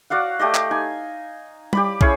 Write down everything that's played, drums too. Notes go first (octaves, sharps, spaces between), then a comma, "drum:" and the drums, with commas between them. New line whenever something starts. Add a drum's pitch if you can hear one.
F#4 D5 F5 F#5
A3 G4 D5 D#5
drum: clap
D#4 G#5
G4 D5 B5, drum: tom G3
C#4 E4 G#4 C#5, drum: kick